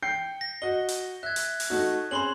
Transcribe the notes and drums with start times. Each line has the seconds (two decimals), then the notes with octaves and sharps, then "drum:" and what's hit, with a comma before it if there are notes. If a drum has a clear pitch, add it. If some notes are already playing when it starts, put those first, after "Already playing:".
0.02 G5 G6 C7 C#7
0.41 A#6
0.62 F#4 D#5 G7
0.89 drum: hi-hat
1.23 E5 F#6 G#6
1.36 drum: hi-hat
1.60 drum: open hi-hat
1.70 A3 D#4 F#4
2.11 C4 C#4 G#4 B5 C6 F#7